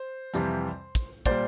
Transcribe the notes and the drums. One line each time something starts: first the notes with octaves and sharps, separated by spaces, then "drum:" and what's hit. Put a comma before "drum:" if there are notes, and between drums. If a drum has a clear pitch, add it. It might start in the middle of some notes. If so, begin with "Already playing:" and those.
Already playing: C5
F2 C3 E3 G3, drum: hi-hat
drum: kick, hi-hat
A#2 G3 C5 D5, drum: kick